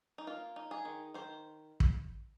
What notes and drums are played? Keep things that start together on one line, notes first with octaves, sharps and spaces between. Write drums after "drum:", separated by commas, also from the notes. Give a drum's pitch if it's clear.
D#4
A#3 F4
D#4
G#4
D#3
D#3 C5
drum: kick